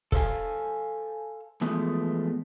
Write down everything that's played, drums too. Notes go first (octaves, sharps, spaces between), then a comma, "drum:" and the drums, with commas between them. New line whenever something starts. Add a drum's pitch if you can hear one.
A4 C5 F5 G#5, drum: kick
E3 F3 G#3 A3 B3